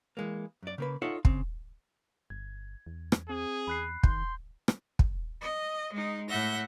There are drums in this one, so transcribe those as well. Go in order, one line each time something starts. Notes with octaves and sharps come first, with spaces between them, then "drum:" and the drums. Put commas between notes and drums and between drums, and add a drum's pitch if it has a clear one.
E3 G#3 A#3
F#2 D5
C#3 A#3 B4
D#4 F4 A4 C#5 E5 F#5
C#3 C4, drum: kick
G1 G#6
E2
drum: rim click
C4 G#4
E2 B5 F#6 C7
D#3 C6 G6, drum: kick
drum: rim click
drum: kick
D#5
G#3 D#4
A2 E5 F#5 G6 A#6